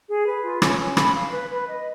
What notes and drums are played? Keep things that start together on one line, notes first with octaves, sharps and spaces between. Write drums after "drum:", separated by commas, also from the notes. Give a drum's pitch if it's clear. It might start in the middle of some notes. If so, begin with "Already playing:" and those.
G#4
B4
F4
C#4, drum: rim click
C#4
B5, drum: rim click
F5
B4
B4
D#5